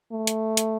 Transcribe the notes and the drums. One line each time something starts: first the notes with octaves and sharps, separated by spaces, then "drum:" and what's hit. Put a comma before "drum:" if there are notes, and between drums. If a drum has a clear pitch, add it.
A3
drum: hi-hat
drum: hi-hat